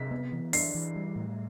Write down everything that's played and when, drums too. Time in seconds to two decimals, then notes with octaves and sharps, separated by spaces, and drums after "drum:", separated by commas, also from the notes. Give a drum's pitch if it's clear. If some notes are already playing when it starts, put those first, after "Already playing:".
Already playing: C3 B6
0.11 B3
0.32 E3
0.53 D4 C7, drum: open hi-hat
0.75 E3
0.96 G3
1.16 A2